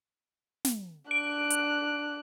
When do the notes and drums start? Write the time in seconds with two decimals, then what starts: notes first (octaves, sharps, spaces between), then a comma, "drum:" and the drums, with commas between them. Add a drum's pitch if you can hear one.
0.65 drum: snare
1.11 D4 F#6 D7
1.50 drum: hi-hat